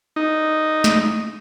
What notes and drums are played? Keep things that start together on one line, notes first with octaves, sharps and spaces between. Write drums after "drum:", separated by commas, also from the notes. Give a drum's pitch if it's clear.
D#4
drum: snare